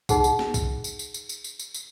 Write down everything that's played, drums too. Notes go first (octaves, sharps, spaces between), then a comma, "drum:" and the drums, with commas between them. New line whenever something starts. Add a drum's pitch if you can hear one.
D#4 G#4 F#5, drum: kick, tambourine
drum: tambourine
drum: snare
drum: kick, tambourine
drum: tambourine
drum: tambourine
drum: tambourine
drum: tambourine
drum: tambourine
drum: tambourine
drum: tambourine